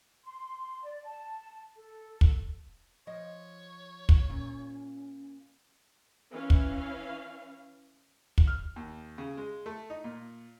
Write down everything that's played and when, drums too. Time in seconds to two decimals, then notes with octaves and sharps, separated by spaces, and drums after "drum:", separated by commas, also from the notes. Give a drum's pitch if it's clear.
0.23 C6
0.83 D5
1.05 A5
1.76 A4
2.21 drum: kick
3.07 F3 C#5 D#5
4.09 drum: kick
4.29 A#2 C#4 F4
6.31 E3 C#4 F5
6.50 drum: kick
8.38 drum: kick
8.47 F6
8.76 D#2
9.18 C#3
9.37 G#3
9.66 A3
9.90 D#4
10.04 A#2